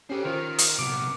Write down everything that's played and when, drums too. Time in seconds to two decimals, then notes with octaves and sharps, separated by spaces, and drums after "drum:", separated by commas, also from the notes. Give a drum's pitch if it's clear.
0.10 C#4 G4 A4 C5
0.25 D#3 F4 A#4 C5
0.59 drum: hi-hat
0.79 C2 B3 D6